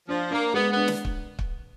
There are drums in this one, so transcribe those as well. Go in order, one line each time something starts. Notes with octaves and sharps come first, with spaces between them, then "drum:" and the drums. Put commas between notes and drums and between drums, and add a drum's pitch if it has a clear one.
F3 D4
A#3 D4
G#3 B3
B3
D4
drum: snare
drum: kick
drum: kick